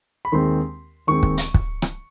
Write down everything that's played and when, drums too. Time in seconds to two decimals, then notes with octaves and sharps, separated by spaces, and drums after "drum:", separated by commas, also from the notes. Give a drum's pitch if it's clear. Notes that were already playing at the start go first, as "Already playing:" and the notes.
0.25 B5
0.32 D#2 D#3 G#3 C4 C6
1.07 D#2 D#3 G#3 C4 C#6
1.23 drum: kick
1.37 drum: hi-hat
1.54 drum: kick
1.82 drum: rim click